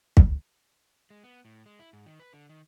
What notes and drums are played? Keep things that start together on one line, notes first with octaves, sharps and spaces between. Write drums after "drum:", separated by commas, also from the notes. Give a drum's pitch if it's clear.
drum: kick
G#3
B3
A2
G#3
E4
G#2
D#3
B4
D3
D#3